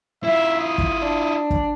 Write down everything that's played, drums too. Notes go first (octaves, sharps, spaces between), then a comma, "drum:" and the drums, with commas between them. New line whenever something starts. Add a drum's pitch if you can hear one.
E4 F4 E5
D#6
drum: kick
D4
drum: kick